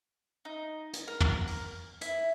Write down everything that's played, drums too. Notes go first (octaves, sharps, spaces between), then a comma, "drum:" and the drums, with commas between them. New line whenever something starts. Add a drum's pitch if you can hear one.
D#4
drum: hi-hat
A#4
drum: tom
drum: open hi-hat
E4, drum: hi-hat